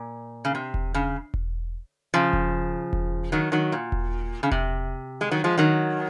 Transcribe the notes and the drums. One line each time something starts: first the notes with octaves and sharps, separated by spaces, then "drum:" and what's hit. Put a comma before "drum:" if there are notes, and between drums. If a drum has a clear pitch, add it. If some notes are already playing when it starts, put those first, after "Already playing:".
Already playing: A#2
C#3
C3
drum: kick E1
C#3
drum: kick E1
C#3 F3
drum: kick E1
drum: kick E1
D#3 F#3
D#3 F#3
A#2
drum: kick E1
C#3
C3, drum: kick E1
G#3
D#3 F#3
F3 G#3
D#3 F#3